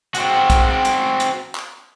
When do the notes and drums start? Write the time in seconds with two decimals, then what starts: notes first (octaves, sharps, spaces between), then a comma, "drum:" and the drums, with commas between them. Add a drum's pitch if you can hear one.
0.15 C4 F#4, drum: hi-hat
0.50 drum: kick A#1, hi-hat
0.85 drum: hi-hat
1.20 drum: hi-hat
1.55 drum: clap